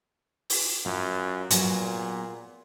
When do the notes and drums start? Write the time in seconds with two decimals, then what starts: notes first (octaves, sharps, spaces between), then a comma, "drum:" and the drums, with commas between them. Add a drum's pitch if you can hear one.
0.50 drum: open hi-hat
0.86 F#2 F4
1.50 A#2 F#3 B3 G#4, drum: hi-hat